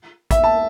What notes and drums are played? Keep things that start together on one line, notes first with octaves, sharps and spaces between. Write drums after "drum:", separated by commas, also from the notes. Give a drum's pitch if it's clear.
E5, drum: kick A1, hi-hat
A5